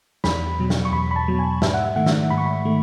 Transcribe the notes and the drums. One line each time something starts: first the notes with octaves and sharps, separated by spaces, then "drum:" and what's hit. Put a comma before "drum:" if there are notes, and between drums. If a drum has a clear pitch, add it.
E2 B5, drum: snare
B2 F#3
drum: snare
C#6
E2 B5
B5
A5
B2 F#3
G#5
G#2 E5, drum: snare
F#5
E5
D#3 A3 F#5
E5, drum: snare
G#2 B5
C#6
B5
D#3 A3